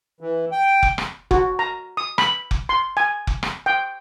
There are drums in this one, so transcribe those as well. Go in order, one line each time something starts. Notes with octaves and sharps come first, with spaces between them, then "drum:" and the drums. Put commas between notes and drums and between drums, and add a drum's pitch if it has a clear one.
E3
G5
drum: kick F1
drum: rim click
F#4, drum: kick F1
A#5
D#6
B5, drum: rim click
drum: kick F1
C6
G#5
drum: kick F1
drum: rim click
G5